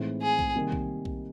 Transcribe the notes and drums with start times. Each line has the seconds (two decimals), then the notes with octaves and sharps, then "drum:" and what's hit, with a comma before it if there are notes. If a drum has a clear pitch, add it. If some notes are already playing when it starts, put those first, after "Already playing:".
Already playing: A2 E3 G#3 C4 D#4
0.22 G#4
0.39 drum: kick B1
0.55 C3 D#3 G3 A#3
0.72 drum: kick B1
1.05 drum: kick B1